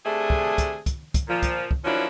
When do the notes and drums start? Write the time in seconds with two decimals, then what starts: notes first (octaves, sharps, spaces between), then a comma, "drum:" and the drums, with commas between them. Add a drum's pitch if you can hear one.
0.04 C3 A3 D4 G#4
0.30 drum: kick
0.58 drum: kick, hi-hat
0.86 drum: kick, hi-hat
1.14 drum: kick, hi-hat
1.28 A#2 F3
1.43 drum: kick, hi-hat
1.71 drum: kick
1.85 F3 F#3 A#3 C#4 D4 E4